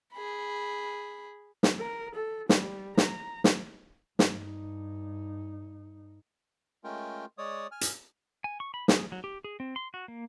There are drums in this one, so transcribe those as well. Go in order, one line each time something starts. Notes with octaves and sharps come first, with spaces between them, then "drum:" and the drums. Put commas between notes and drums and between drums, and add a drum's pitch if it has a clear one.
G#4 B5
drum: snare
A#4
A4
G3, drum: snare
A#5, drum: snare
drum: snare
G2 D#4, drum: snare
G#3 A3 C#4 F4 A#4 G5
G#3 C#5 D5 D#6
G#5 F6
drum: hi-hat
G#5
C#6
B5
G#4, drum: snare
F#3
G4
G#4
C4
C6
F#4
A#3